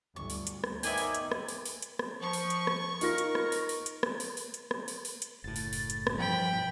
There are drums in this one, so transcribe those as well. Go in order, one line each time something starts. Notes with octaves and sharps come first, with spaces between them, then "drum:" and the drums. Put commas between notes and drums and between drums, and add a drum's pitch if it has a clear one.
G1 D2 C#6
drum: open hi-hat
drum: hi-hat
drum: rim click
D#3 B3 C5 D5 E5 G#5, drum: open hi-hat
drum: open hi-hat
drum: hi-hat
drum: rim click
drum: open hi-hat
drum: open hi-hat
drum: hi-hat
drum: rim click
F3 C#6
drum: open hi-hat
drum: hi-hat
drum: rim click
D#4 F4 A#4 A#6, drum: open hi-hat
drum: hi-hat
drum: rim click
drum: open hi-hat
drum: open hi-hat
drum: hi-hat
drum: rim click
drum: open hi-hat
drum: open hi-hat
drum: hi-hat
drum: rim click
drum: open hi-hat
drum: open hi-hat
drum: hi-hat
F#1 A2 A6
drum: open hi-hat
drum: open hi-hat
drum: hi-hat
drum: rim click
G2 B2 E3 F3 G5 B5